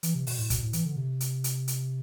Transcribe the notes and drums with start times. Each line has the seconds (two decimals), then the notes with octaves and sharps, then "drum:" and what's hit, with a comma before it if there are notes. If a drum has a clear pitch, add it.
0.03 E3, drum: hi-hat
0.14 C3
0.27 B2, drum: open hi-hat
0.38 A2
0.50 B2, drum: kick, hi-hat
0.62 A2
0.73 E3, drum: hi-hat
0.85 D3
0.96 C3
1.20 drum: hi-hat
1.44 drum: hi-hat
1.68 drum: hi-hat